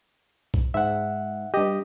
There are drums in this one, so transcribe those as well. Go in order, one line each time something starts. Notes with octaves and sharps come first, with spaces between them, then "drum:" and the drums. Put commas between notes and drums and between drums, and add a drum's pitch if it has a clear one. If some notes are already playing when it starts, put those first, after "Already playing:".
drum: kick
G#2 E5 F#5
G2 G4 D#5